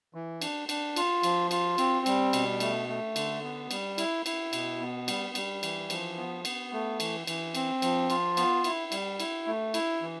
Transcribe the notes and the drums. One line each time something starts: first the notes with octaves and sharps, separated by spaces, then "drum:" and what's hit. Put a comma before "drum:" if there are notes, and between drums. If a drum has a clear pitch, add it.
E3
D4, drum: cymbal
D4, drum: cymbal
F4, drum: cymbal
F3, drum: cymbal
F4, drum: cymbal
C4, drum: cymbal
G3, drum: cymbal
B2, drum: cymbal
A3, drum: cymbal
A3
D3, drum: cymbal
B3
G3, drum: cymbal
E4, drum: cymbal
E4, drum: cymbal
B2, drum: cymbal
B3
G3, drum: cymbal
G3, drum: cymbal
E3, drum: cymbal
F3, drum: cymbal
B3
B3, drum: cymbal
A3
E3, drum: cymbal
E3, drum: cymbal
C4, drum: cymbal
F3, drum: cymbal
F4, drum: cymbal
B3, drum: cymbal
E4, drum: cymbal
G3, drum: cymbal
E4, drum: cymbal
A3
E4, drum: cymbal
E3